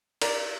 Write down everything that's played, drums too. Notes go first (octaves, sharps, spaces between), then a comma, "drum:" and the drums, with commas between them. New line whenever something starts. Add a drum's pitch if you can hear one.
A#4 D5, drum: cymbal